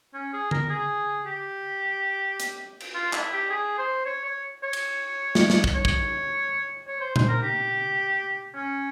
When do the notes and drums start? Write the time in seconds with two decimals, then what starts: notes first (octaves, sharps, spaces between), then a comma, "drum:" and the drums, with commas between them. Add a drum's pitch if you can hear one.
0.14 C#4
0.33 G#4
0.51 A#4, drum: tom D3
0.70 G#4
1.26 G4
2.40 drum: hi-hat
2.80 drum: cymbal
2.94 F4
3.13 E4, drum: clap
3.32 G4
3.50 G#4
3.78 C5
4.06 C#5
4.25 C#5
4.63 C#5
4.73 drum: cymbal
5.35 drum: snare
5.50 drum: snare
5.64 drum: kick
5.74 C#5
5.85 drum: kick
6.88 C#5
7.01 C5
7.16 C5, drum: tom A#2
7.29 A#4
7.43 G4
8.56 C#4